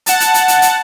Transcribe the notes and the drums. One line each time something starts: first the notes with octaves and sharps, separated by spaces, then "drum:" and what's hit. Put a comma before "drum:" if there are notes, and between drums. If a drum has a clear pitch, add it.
F#5 A5, drum: hi-hat
drum: hi-hat
drum: hi-hat
drum: hi-hat
drum: hi-hat